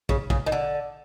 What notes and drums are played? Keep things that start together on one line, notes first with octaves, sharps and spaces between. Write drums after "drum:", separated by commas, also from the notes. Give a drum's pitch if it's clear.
C#3, drum: kick
C#3, drum: kick
D#3
D3